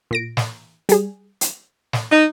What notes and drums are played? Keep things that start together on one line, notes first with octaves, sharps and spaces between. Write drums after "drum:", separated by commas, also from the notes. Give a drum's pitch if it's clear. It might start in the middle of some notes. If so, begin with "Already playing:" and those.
A#2 A#6 D7
drum: snare
G3 G#4, drum: hi-hat
drum: hi-hat
drum: snare
D#4